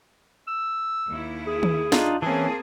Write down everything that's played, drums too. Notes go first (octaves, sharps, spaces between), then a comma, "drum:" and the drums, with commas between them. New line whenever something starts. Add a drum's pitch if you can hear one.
E6
D#2 E4
G#4
drum: tom D#3
D4 D#4 F4, drum: snare
E3 A#3 C4 C#4 G#4 A5